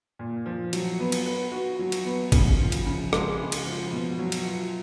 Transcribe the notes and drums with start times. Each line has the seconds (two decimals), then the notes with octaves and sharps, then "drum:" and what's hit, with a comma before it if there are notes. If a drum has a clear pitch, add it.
0.19 A#2
0.46 F3
0.73 F#3, drum: cymbal
0.99 B3
1.12 drum: cymbal
1.26 B4
1.52 F#4
1.79 F#3
1.92 drum: cymbal
2.05 B3
2.32 C#3, drum: kick G#1, cymbal
2.58 F3
2.72 drum: cymbal
2.86 C#3
3.13 G#3, drum: rim click
3.39 C#3
3.52 drum: cymbal
3.66 F3
3.92 B2
4.19 F#3
4.32 drum: cymbal
4.46 F4